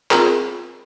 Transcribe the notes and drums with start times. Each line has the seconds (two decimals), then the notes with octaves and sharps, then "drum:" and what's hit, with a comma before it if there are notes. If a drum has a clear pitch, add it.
0.11 C4 F4 G#4 A#4 A#5, drum: clap